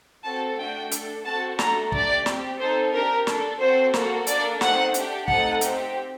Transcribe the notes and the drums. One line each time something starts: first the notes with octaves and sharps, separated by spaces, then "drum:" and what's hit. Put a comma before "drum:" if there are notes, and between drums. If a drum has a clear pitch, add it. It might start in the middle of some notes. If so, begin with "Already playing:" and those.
C4 F#4 A4 A5
A3 D4 F#4 G5
D4 A4, drum: hi-hat
C4 F#4 A4 A5
A3 D4 F#4 A4 A#5, drum: snare
D4 G4 D5, drum: kick
C4 G4, drum: snare
C4 D#4 A4 C5
D4 G4 A#4
D4 A4, drum: snare
C4 F#4 A4 C5
A#3 F#4 A4, drum: snare
A#3 D4 A4 D5, drum: hi-hat
A3 C4 D#4 F#5, drum: snare
D4 G4, drum: hi-hat
A3 C4 D#4 A4 F#5, drum: kick
C4 G4, drum: hi-hat